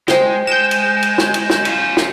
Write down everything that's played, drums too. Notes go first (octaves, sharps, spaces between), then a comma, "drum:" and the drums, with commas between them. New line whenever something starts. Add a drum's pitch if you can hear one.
G#3 C5 G5, drum: snare
G#3 G6 E7
drum: cymbal
drum: cymbal
drum: snare
drum: cymbal
drum: snare
C#4 F4, drum: cymbal
drum: snare